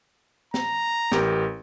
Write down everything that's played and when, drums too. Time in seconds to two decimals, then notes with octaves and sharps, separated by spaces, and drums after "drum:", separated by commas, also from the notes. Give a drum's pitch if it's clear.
0.54 A#5, drum: snare
1.12 A1 G4 A#4, drum: snare